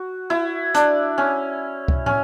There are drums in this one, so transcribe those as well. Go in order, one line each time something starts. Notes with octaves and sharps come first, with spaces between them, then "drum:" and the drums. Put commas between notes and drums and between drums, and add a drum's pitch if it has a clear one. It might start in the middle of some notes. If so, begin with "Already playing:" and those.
Already playing: F#4
E4
D4, drum: hi-hat
C#4
drum: kick C#2
C#4, drum: tom